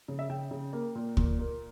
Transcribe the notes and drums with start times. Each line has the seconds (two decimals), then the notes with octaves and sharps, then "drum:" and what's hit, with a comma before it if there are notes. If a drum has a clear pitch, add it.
0.08 C#3
0.19 E5
0.30 C#3 G5
0.51 C#3
0.73 A#3
0.95 A#2
1.17 A#2, drum: kick
1.39 A#3